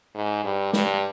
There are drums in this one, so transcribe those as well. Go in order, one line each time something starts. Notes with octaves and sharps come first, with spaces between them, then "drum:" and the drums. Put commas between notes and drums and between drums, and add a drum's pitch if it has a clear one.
G#2
G2
G2, drum: snare